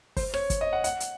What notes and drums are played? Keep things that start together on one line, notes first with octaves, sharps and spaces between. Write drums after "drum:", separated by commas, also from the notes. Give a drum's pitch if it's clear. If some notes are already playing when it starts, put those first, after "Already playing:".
C5, drum: kick, open hi-hat
C#5, drum: rim click
drum: kick, hi-hat
D#5
F#5
F#5, drum: hi-hat
drum: hi-hat